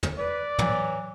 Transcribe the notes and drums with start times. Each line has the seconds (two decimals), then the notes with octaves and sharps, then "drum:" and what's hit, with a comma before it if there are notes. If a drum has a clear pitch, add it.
0.03 drum: tom
0.18 B4 D5
0.59 E3 F#3, drum: tom